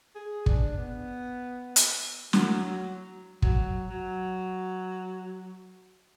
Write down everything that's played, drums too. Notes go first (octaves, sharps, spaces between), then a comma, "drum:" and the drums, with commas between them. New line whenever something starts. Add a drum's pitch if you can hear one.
G#4
D4, drum: kick
B3
drum: hi-hat
F#3, drum: snare
F#3
F#3, drum: kick
F#3